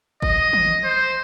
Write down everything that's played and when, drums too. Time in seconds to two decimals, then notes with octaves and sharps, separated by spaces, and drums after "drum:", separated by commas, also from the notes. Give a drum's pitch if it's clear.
0.22 D#5, drum: kick G1
0.53 drum: tom
0.84 C5